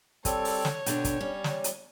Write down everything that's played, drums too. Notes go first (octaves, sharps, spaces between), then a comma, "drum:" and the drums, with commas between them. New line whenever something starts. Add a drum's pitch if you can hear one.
G3 C4 A4 C#5, drum: kick, hi-hat
drum: open hi-hat
drum: snare
B2 D3 D4 G5, drum: hi-hat
drum: kick, hi-hat
G3 C#4
drum: snare
drum: hi-hat